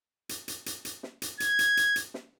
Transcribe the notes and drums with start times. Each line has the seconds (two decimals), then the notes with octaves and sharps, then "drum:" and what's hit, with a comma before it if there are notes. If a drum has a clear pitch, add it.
0.29 drum: hi-hat
0.48 drum: hi-hat
0.66 drum: hi-hat
0.85 drum: hi-hat
1.03 drum: snare
1.22 drum: hi-hat
1.40 G#6, drum: hi-hat
1.59 drum: hi-hat
1.77 drum: hi-hat
1.96 drum: hi-hat
2.14 drum: snare